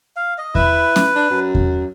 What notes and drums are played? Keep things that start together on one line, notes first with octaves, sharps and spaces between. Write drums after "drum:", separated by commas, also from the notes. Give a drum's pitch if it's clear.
F5
D#5
E4 B4, drum: kick E2
drum: snare C#4
D4
F#2
drum: kick E2